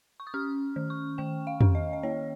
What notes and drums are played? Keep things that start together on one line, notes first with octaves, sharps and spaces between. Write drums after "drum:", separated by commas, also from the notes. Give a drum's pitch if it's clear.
C#6
D#6
C#4 F6
D#3
C#6
D#3 G5
F5
C#4, drum: tom
D#5
D#5
A#3 C#5